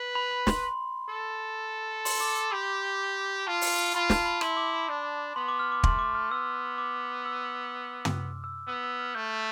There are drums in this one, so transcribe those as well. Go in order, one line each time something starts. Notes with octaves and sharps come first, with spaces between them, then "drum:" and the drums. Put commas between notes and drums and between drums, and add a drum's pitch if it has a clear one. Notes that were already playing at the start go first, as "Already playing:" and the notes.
Already playing: B4
B5
B5
C6, drum: snare
C6
A4
C6, drum: open hi-hat
D6
G4 B5
F4 A5
drum: open hi-hat
F4 B5
A5, drum: snare
B5
E4 C6, drum: rim click
D6
B5
D4
B3 C6
D6
F6
D6
A3 C6, drum: kick
D6
F6
B3 E6
D6
E6
drum: tom
E6
B3 E6
E6
F6
A3 G6